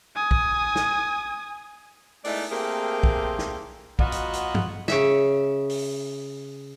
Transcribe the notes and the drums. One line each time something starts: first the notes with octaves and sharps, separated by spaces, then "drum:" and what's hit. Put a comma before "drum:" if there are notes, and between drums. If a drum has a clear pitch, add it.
G#5 D#6
drum: kick B1
drum: snare
G#3 A3 B3 D#4 E4 D5, drum: open hi-hat
A3 A#3 C4 G4 G#4 A#4
drum: kick B1
drum: snare
F#3 B3 F4 F#4 D#5, drum: kick B1
drum: hi-hat
drum: hi-hat
drum: tom
C#3 E5, drum: snare
drum: open hi-hat